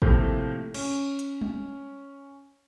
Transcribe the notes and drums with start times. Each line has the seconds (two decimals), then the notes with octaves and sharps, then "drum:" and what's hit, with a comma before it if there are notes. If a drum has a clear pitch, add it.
0.02 A2 C3 F3 A3 A#3, drum: kick
0.74 C#4, drum: cymbal
1.19 drum: hi-hat
1.41 drum: tom G3